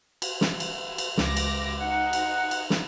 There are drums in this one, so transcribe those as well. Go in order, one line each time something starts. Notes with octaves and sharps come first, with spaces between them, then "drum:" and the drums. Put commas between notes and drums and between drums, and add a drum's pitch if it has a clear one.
drum: cymbal
drum: snare
drum: cymbal
drum: cymbal
C#2 D6 A#6, drum: snare
drum: cymbal
D#4 F#5
drum: cymbal
drum: cymbal
drum: snare